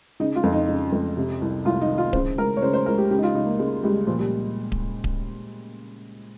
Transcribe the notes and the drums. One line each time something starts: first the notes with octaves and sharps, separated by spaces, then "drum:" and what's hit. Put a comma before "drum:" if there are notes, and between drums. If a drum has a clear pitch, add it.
C#3 D#4
F4
F2
D#4
C#3
F2
C3
C2
C2 F4
D#4
D#3
F4
C#3 C5, drum: kick D1
C#2 A#4
C#5
C#3 C5
C5
C#2 A#4
G4
C#3 G4
D#4
F4
C#2 D#4
A#3
C#3 G#3
C#2 G3
A#2 F3
G3
drum: kick D1
drum: kick D1